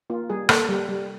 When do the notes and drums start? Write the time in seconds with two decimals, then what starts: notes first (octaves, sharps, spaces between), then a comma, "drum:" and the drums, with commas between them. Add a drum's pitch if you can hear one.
0.10 A#3 F4
0.30 G3 G#4
0.49 A#3 A4, drum: rim click
0.69 G3
0.89 G3